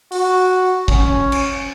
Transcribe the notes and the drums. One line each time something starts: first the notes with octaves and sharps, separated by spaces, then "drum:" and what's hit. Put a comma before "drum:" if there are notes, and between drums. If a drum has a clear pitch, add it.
F#4, drum: open hi-hat
C#4, drum: kick
drum: cymbal